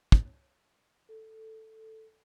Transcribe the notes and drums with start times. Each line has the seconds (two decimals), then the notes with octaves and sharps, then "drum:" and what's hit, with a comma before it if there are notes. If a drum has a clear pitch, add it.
0.12 drum: kick
1.09 A4